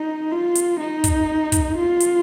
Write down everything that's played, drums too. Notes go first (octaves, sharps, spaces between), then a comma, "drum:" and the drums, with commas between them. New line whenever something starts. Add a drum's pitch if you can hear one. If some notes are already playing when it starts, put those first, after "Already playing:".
Already playing: D#4
F4
drum: hi-hat
D#4
drum: kick, hi-hat
drum: kick, hi-hat
F4
drum: hi-hat